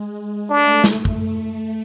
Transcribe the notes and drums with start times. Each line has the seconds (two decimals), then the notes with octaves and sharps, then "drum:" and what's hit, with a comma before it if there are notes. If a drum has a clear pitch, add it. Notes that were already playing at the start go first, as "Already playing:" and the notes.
Already playing: G#3
0.50 A3 D4
0.84 drum: snare
1.05 drum: kick